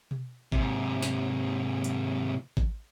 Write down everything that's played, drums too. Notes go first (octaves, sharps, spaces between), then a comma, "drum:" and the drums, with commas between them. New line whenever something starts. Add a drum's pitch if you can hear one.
drum: tom B2
G#2 C3, drum: kick A1
drum: snare
drum: hi-hat
drum: kick A1